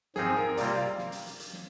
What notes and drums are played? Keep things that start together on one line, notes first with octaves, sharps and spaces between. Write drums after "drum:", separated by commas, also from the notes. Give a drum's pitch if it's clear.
G#2 F3 C4 D#4 G#4, drum: snare
A#4
C3 G3 A#3 F4 D5, drum: hi-hat
F5
drum: snare
drum: hi-hat
drum: hi-hat
drum: hi-hat
drum: snare